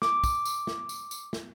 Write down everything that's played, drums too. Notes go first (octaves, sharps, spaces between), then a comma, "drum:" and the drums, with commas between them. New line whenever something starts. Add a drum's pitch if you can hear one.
D6, drum: snare
drum: kick, tambourine
drum: tambourine
drum: snare
drum: tambourine
drum: tambourine
drum: snare